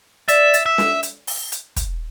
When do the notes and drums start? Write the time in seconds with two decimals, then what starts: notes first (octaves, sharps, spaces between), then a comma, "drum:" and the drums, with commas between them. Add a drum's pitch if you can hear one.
0.28 D5 E5, drum: hi-hat
0.54 drum: hi-hat
0.66 E5
0.78 drum: snare
1.03 drum: hi-hat
1.27 drum: open hi-hat
1.52 drum: hi-hat
1.76 drum: kick, hi-hat